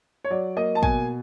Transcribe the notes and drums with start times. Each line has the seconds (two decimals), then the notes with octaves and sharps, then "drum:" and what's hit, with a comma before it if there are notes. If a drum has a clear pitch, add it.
0.25 C#5
0.31 F#3 D5
0.56 A#3 D#5
0.75 A5
0.83 B2 G#5, drum: kick